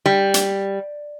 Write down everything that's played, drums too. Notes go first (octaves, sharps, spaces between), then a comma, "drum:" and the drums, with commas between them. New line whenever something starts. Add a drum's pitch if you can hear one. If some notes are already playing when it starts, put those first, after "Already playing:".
G3
drum: hi-hat